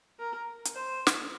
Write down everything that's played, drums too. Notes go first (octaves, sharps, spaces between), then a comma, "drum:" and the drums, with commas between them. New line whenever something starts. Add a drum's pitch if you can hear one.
A#4
drum: hi-hat
C5
drum: snare